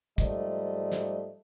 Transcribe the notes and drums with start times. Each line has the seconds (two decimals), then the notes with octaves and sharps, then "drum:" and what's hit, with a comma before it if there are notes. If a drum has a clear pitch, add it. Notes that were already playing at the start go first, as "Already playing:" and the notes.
0.18 G#2 F3 G3 A3 D5 D#5, drum: kick, hi-hat
0.92 drum: snare